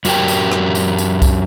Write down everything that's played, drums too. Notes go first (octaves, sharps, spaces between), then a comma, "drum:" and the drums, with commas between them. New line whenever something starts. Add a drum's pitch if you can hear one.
F#2 F#4 G4 A#4 G5, drum: tambourine
drum: tambourine
drum: rim click
drum: tambourine
drum: tambourine
drum: kick C2, tambourine